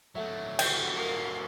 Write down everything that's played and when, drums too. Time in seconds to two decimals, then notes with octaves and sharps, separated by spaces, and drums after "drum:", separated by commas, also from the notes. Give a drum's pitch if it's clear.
0.15 F#3 A3 A4 E5
0.59 G5, drum: cymbal
0.95 A#4 F5